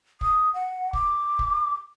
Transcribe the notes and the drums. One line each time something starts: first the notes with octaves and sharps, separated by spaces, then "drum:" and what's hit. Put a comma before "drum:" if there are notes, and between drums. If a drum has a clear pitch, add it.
D#6, drum: kick
F#5
D6, drum: kick
drum: kick